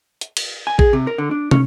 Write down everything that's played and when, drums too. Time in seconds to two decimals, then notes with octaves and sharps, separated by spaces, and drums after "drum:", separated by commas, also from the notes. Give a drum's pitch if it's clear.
0.21 drum: hi-hat
0.37 drum: cymbal
0.67 G#5
0.79 G#4, drum: kick A1
0.93 C3
1.07 A#4
1.18 D3
1.31 D4
1.51 C#4, drum: tom